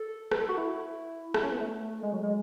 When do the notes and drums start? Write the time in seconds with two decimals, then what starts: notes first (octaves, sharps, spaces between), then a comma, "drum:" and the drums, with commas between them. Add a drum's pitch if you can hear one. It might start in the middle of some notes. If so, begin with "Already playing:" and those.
Already playing: A4
0.32 B4, drum: rim click
0.41 A4
0.49 F#4
0.57 E4
1.34 E4, drum: rim click
1.43 C#4
1.51 B3
1.60 A3
2.03 G#3
2.13 F#3
2.22 G#3